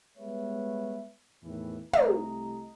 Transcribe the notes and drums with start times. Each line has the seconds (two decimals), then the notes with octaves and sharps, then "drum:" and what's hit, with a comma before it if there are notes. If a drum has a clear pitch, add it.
0.17 G3 G#3 B3 B4 C#5 E5
1.42 E2 A2 D#3 E3
1.93 C2 C3 A3 D#5 A#5, drum: tom